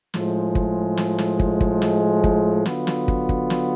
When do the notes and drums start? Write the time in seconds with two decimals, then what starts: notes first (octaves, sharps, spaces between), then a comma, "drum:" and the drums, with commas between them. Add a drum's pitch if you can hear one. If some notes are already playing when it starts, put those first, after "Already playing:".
0.14 A2 F3 G#3, drum: snare
0.55 drum: kick
0.97 drum: snare
1.18 drum: snare
1.40 drum: kick
1.61 drum: kick
1.82 drum: snare
2.24 drum: kick
2.66 D3 F#3 B3 F4, drum: snare
2.87 drum: snare
3.08 drum: kick
3.29 drum: kick
3.50 drum: snare